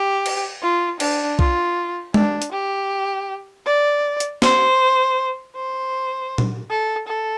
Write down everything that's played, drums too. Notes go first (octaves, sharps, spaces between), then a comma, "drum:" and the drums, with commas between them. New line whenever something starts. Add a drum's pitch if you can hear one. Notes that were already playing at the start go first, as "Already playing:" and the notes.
Already playing: G4
drum: cymbal
F4
D4, drum: cymbal
F4, drum: kick B1
D4, drum: tom G#3
drum: hi-hat
G4
D5
drum: hi-hat
C5, drum: snare
C5
drum: tom A#2
A4
A4